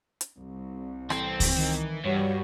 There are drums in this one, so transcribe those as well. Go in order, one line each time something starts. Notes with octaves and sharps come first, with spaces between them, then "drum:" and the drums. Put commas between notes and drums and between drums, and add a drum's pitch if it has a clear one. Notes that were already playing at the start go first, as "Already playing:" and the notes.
drum: hi-hat
C2
E3 C4 A4, drum: rim click
drum: kick C#2, open hi-hat
D#3 E3
G2 G3 F#4 C#5